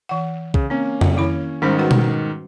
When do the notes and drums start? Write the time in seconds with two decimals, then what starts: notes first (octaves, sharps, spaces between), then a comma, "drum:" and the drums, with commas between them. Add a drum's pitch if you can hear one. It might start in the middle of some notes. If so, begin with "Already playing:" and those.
0.09 E3 F#5
0.54 C#3, drum: kick
0.70 A#3 C4 C#4
1.01 drum: tom
1.17 D#3 E4 B5
1.62 G#2 D#3 G3 C#4 C5
1.79 F#4 B4 F#5
1.91 drum: tom B2